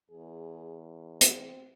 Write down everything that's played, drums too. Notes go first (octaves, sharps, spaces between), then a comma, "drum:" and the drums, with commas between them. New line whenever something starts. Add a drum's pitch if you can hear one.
E2 G#4
C4, drum: hi-hat